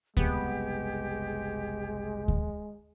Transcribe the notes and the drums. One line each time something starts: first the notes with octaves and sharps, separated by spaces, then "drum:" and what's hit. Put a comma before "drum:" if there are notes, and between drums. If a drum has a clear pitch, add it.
F#1 C2 G#3 B3 G4 G#4, drum: kick D2
drum: kick D2